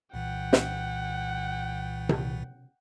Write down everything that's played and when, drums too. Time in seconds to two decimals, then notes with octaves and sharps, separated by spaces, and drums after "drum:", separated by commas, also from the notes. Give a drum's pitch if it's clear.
0.14 C2 A#2 E3 F#5 G5
0.53 drum: snare
2.09 drum: tom C3